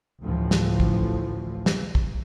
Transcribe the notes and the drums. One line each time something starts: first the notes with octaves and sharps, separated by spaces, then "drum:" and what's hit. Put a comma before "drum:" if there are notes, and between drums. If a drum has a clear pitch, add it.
A1 D2 A2 D3 E3 F3
drum: snare
drum: kick
drum: snare
drum: kick